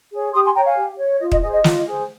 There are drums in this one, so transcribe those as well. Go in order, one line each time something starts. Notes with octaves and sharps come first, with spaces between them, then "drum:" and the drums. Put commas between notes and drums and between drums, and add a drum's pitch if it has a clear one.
G#4 C#5
G4 C6 D#6
G#5 C6
C#5 G5 A#5
F5 G#5
G4
C#5
F4 D#5
D#5, drum: kick
G#4 C5 D#5
D#5
F4, drum: snare
G#4 C5